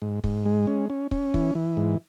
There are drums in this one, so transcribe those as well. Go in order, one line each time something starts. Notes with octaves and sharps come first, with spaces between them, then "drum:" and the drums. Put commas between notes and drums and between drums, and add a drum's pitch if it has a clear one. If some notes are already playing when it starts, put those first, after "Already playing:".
G#2
G#2, drum: kick
G#3
C#4
C#4
C#4, drum: kick
E3, drum: kick
E3
G#2